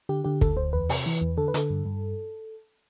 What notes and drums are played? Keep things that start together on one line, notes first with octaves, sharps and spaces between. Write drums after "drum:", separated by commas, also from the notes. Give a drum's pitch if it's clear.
D3 G4
D3 G4
D2 A4, drum: kick
D2 C5
E2 B4
C3, drum: open hi-hat
E3
E2
D3 A4
B4
D3 A4, drum: hi-hat
G2
G2